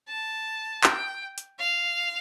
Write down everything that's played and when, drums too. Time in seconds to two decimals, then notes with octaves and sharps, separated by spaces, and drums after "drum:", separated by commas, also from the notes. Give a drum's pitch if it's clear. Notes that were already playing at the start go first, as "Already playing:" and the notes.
0.08 A5
0.84 G5, drum: clap
1.38 drum: hi-hat
1.59 F5